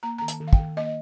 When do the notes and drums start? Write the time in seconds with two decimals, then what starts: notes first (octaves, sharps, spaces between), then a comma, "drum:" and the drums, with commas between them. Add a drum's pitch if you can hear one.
0.03 A#3 A#5
0.18 D#3 A#5
0.28 A5, drum: hi-hat
0.40 D#3
0.48 F5
0.53 G5, drum: kick
0.59 D#3
0.77 A#3 D#5